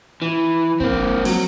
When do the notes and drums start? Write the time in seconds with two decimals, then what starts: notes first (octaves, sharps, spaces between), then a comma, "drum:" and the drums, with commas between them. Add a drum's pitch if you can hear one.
0.22 E3
0.80 A#3 C4, drum: kick F#1
1.25 F#3, drum: open hi-hat